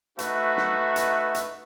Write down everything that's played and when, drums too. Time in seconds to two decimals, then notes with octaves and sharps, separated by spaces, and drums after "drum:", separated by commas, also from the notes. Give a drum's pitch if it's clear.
0.19 A3 D#4 F#4 B4 E5, drum: hi-hat
0.57 drum: snare
0.96 drum: hi-hat
1.35 drum: hi-hat